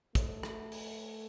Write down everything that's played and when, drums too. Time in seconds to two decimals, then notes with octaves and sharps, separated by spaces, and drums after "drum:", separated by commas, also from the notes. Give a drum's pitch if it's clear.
0.15 A3, drum: kick, hi-hat
0.43 drum: rim click
0.72 drum: open hi-hat